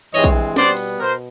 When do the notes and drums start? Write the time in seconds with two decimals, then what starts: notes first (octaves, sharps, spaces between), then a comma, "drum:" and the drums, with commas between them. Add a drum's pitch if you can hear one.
0.13 G2 E3 G#3 C4 C#5 D#5
0.24 drum: kick
0.56 B2 G3 B3 C5 D5, drum: snare
0.77 drum: open hi-hat
1.00 B2 A#4 C5